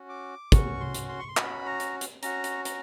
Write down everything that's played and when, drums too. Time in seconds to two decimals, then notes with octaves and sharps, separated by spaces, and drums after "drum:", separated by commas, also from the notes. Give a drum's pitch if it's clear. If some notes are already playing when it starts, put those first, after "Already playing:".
Already playing: C#4 F#4
0.09 D6
0.52 C#4 F#4 C#6, drum: kick, hi-hat
0.80 C6
0.94 drum: hi-hat
1.09 C6
1.19 C#6
1.28 C6
1.37 C#4 F#4 B5, drum: clap
1.66 A#5
1.80 drum: hi-hat
2.01 drum: hi-hat
2.23 C#4 F#4 A#5, drum: hi-hat
2.44 drum: hi-hat
2.65 A#5, drum: hi-hat